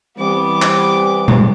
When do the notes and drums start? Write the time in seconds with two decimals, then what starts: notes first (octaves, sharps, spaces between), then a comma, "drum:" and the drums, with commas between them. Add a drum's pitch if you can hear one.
0.18 E3 G3 B3 C4 D6
0.62 drum: clap
1.28 drum: tom A#2